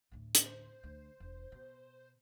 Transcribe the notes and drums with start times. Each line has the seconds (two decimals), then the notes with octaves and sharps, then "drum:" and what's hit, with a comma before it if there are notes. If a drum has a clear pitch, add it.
0.12 D2 A2
0.35 drum: hi-hat
0.46 C5
0.83 D2
1.20 E1
1.52 B2